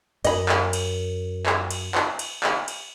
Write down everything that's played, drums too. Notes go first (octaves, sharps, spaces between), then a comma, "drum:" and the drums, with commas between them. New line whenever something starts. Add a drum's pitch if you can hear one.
F#2 D#5 B5, drum: cymbal
drum: clap
drum: cymbal
drum: clap
drum: cymbal
drum: clap
drum: cymbal
drum: clap
drum: cymbal